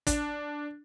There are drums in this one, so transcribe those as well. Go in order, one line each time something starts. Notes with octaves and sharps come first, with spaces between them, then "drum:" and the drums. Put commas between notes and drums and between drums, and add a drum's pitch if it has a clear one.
D4, drum: kick, hi-hat